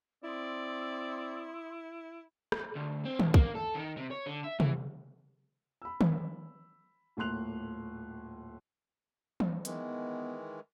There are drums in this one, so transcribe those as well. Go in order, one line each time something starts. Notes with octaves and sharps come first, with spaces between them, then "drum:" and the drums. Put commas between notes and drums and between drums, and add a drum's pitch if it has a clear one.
C4 E4 D5 C6 D#6 E6
drum: rim click
D2
C4
B1, drum: tom D#3
A#3, drum: kick
A4
D#3
C3
C#5
D3
E5
E3, drum: tom C3
B5 E6
drum: tom D#3
D#1 A2 A#3 C6 F#6 F7
drum: tom E3
D#3 E3 G#3 B3, drum: hi-hat